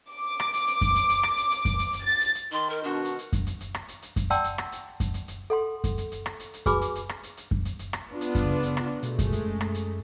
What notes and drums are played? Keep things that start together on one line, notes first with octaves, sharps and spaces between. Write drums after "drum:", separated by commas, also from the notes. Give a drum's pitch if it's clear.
D6
drum: rim click
drum: hi-hat
drum: hi-hat
drum: kick F#2, hi-hat
drum: hi-hat
drum: hi-hat
drum: rim click
drum: hi-hat
drum: hi-hat
drum: kick F#2, hi-hat
drum: hi-hat
drum: hi-hat
A6
drum: hi-hat
drum: hi-hat
D#3 C6
A#4
B2 D#3 D4 F#4
drum: hi-hat
drum: hi-hat
drum: kick F#2, hi-hat
drum: hi-hat
drum: hi-hat
drum: rim click
drum: hi-hat
drum: hi-hat
drum: kick F#2, hi-hat
D5 F#5 G5 A5 C6 E6, drum: hi-hat
drum: hi-hat
drum: rim click
drum: hi-hat
drum: kick F#2, hi-hat
drum: hi-hat
drum: hi-hat
A4 F#5 C6
drum: kick F#2, hi-hat
drum: hi-hat
drum: hi-hat
drum: rim click
drum: hi-hat
drum: hi-hat
F#4 G#4 B4 G#5 B5 D6, drum: kick F#2, hi-hat
drum: hi-hat
drum: hi-hat
drum: rim click
drum: hi-hat
drum: hi-hat
drum: kick F#2
drum: hi-hat
drum: hi-hat
drum: rim click
B3 D4 F4
drum: hi-hat
drum: kick F#2, hi-hat
C#3
drum: hi-hat
drum: rim click
B2 G#3 A3, drum: hi-hat
drum: kick F#2, hi-hat
drum: hi-hat
F#2
drum: rim click
drum: hi-hat